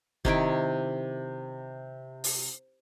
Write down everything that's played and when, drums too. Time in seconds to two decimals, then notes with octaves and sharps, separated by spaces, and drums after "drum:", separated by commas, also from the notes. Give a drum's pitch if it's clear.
0.25 C3 D#3 E4 D6, drum: kick
2.24 drum: open hi-hat